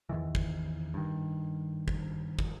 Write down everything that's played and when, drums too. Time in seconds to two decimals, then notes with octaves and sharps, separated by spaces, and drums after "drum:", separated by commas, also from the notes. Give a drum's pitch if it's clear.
0.09 E2 C3 D#3 E3
0.35 drum: kick
0.94 G2 D#3
1.88 drum: kick
2.39 drum: kick